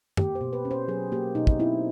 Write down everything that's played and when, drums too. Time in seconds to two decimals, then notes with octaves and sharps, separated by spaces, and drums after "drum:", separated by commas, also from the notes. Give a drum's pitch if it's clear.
0.17 A#3 G4, drum: tom F#2
0.35 C5
0.41 B2
0.53 B4
0.65 C#4
0.71 C5
0.88 F#3 G#4
1.12 A#3 G4
1.35 B2 D#4
1.47 drum: kick
1.59 C4 E4